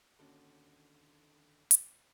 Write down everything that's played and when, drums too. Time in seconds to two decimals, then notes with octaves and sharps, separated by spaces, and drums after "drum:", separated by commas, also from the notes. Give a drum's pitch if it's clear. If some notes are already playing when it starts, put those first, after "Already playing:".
0.19 D#2 D3 D#3 C#4 F#4
1.71 drum: hi-hat